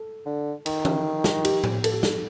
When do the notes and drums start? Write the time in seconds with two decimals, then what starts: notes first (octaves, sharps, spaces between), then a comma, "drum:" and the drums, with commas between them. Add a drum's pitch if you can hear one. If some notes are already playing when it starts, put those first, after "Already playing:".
Already playing: A4
0.26 D3
0.66 D#3, drum: cymbal
0.85 drum: tom
1.24 drum: snare
1.45 G4, drum: cymbal
1.64 drum: tom A2
1.84 A4, drum: cymbal
1.93 G4
2.03 A4, drum: snare